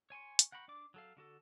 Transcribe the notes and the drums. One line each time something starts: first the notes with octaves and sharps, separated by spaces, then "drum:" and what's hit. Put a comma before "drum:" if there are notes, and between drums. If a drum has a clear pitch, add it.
C#5 G#5 C6 C#6
drum: hi-hat
F#5 G5 A#5 B5 C#6
D4 D5 D6
F#3 A4 F5
D3 F#4 A4